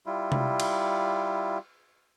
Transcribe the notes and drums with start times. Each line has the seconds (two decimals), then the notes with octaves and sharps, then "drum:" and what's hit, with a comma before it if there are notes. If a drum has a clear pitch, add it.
0.06 G3 E4 F4
0.32 drum: tom C3
0.60 drum: cymbal